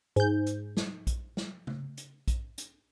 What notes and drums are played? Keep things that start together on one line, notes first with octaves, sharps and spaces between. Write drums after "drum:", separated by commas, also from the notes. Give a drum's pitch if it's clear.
G#2 G6, drum: hi-hat
drum: hi-hat
drum: snare
drum: kick A#1, hi-hat
drum: snare
drum: tom
drum: hi-hat
drum: kick A#1, hi-hat
drum: hi-hat